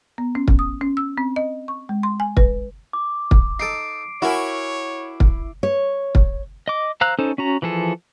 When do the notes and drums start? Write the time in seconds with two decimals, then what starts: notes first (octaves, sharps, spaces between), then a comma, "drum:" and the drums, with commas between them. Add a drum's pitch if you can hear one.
0.18 B3
0.35 C#4
0.48 drum: kick
0.59 D#6
0.81 C#4
0.97 E6
1.18 C4
1.36 D#5
1.68 C#6
1.89 G#3
2.03 C6
2.20 G#5
2.37 B4, drum: kick
2.93 D6
3.31 drum: kick
3.60 D#4 A4 C7 D7
4.22 E4 F#4 A#4 C#5 G#5
5.20 drum: kick
5.63 C#5
6.15 drum: kick
6.68 D#5 D6
7.01 C5 F5 A#5 E6 F#6
7.19 C#4 D#4 A4 C5
7.38 C#4 F#4 A#5
7.62 E3 F3 G#4 A4